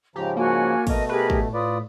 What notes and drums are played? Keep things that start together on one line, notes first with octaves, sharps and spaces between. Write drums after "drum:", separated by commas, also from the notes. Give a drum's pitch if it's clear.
G#2 C#3 F3 G4 A#5
A#3 C#4 F#4 G#5
B2 A3 A#4 D#5, drum: kick, cymbal
G4 G#4 A#4 B4
A2, drum: kick
F4 B4 D5 D#6